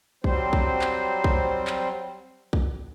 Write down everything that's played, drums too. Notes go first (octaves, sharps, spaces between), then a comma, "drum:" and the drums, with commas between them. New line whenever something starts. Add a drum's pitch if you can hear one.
F#3 G3 C4 C5, drum: kick
drum: kick
drum: clap
drum: kick
drum: clap
drum: kick